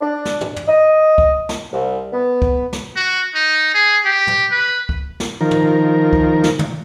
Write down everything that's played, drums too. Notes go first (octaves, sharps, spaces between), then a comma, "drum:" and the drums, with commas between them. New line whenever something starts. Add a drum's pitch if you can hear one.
D4
drum: snare
drum: tom
drum: tom
D#5
drum: kick
drum: snare
C2
B3
drum: kick
drum: snare
F#4
D#4
G#4
G4
drum: tom
B4
drum: kick
drum: snare
D#3 F3 A#4
drum: tom
drum: kick
drum: snare
drum: tom